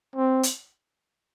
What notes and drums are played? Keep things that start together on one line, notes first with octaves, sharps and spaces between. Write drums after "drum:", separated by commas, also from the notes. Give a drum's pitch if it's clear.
C4
drum: hi-hat